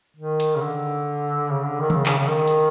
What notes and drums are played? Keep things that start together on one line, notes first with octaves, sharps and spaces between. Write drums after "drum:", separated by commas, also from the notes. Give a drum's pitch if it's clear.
D#3
drum: hi-hat
C#3
D3
C#3
D3
D#3
D3, drum: tom D#3
C#3
C#3, drum: clap
C#3
D#3
drum: hi-hat